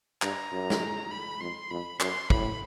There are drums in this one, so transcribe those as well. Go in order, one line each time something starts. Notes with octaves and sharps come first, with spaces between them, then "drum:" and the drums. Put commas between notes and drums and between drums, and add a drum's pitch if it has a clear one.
G2 A#5, drum: clap
F#2
drum: snare
B5
F2 C6
F2 B5
F#2 C6, drum: clap
A2 B5, drum: kick